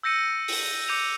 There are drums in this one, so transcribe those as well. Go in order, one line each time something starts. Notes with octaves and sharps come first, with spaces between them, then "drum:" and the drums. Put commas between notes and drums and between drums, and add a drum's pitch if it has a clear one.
E6 G6 A#6 C#7 D#7
drum: open hi-hat
D6 G6 C#7 D#7 F7